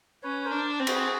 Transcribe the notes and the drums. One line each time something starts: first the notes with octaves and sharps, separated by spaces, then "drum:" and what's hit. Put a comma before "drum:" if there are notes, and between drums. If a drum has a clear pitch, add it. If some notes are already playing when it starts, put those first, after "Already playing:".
C#4 B4 C#5
A#4 C5
D4
C4
F#4 G#4, drum: cymbal